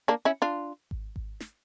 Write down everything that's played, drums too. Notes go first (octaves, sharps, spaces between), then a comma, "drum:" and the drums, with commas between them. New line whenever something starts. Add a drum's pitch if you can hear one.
A#3 D4
C#4 E4
D4 F4
drum: kick G#1
drum: kick G#1
drum: snare